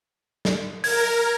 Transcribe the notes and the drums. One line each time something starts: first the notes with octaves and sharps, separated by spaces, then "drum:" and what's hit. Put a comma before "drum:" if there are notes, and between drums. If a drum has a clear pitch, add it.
drum: snare
A#4 G#6, drum: open hi-hat